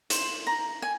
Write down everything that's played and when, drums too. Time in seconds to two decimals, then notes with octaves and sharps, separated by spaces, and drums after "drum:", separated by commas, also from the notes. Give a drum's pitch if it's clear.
0.10 C5, drum: hi-hat
0.47 A#5
0.82 G#5